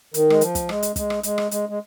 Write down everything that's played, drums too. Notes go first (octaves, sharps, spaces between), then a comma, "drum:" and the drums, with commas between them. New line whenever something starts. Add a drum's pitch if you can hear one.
D#3, drum: hi-hat
G#3, drum: rim click
F3, drum: hi-hat
drum: kick, hi-hat
G#3, drum: rim click
drum: hi-hat
G#3, drum: kick, hi-hat
drum: rim click
G#3, drum: hi-hat
drum: rim click
G#3, drum: hi-hat
G#3